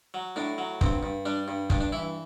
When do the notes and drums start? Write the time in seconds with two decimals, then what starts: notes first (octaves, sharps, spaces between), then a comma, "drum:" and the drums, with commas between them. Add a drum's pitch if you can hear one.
0.14 F#3
0.36 A2 D4
0.58 F#3
0.81 G2 C4, drum: kick
1.03 G2
1.26 G3 D4
1.48 G2
1.70 G2 D4, drum: kick
1.81 D4
1.92 E3 E4